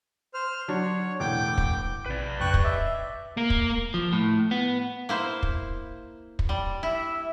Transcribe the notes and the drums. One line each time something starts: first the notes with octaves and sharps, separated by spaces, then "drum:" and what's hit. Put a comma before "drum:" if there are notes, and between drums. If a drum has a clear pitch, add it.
C5 F6
F#3 D4 C#5
E1 A2 G5 D6 G6
drum: kick
A#1 C3 B4 D5
F2 G#2 C#3 G5 C#6 F#6
drum: kick
D#5 E5 D6 A6
A#3
drum: kick
F3
A2
B3
A#3 E4 C5
drum: kick
drum: kick
G3
E4 E5